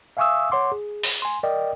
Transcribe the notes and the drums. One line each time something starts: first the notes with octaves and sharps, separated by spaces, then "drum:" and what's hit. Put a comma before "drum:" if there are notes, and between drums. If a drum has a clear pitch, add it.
E5 F5 G#5 C#6 D#6 E6
C#5 F#5 C6 D6
G#4
drum: open hi-hat
G#5 C6
A#4 D5 D#5 G5